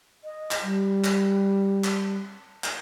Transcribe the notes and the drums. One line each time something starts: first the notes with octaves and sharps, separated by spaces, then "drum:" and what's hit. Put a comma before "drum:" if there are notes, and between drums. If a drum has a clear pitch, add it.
D#5
drum: clap
G3
drum: clap
drum: clap
drum: clap